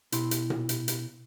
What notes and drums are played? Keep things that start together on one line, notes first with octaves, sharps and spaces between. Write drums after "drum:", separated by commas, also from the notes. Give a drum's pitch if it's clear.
B2 E4 C6, drum: hi-hat
drum: hi-hat
drum: tom A#2
drum: hi-hat
drum: hi-hat